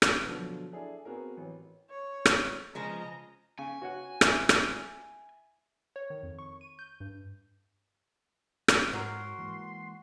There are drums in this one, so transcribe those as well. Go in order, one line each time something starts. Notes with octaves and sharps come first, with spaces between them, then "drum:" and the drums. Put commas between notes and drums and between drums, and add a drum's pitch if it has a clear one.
drum: rim click
B2 D3 F3 F#3
D4 E4 G#4 A4
B3 C4 F#4 G#4 A#4
A1
C#5
drum: rim click
C#3 F3 G#3 D#5 A#5
C#3 G#5
F#4 C#5 F#5
E4, drum: rim click
drum: rim click
C#5
D#3
F2
C#6
D#7
G6
G2
drum: rim click
G#2 F#3 F#4 A#4 C6
E3 G#3 A#3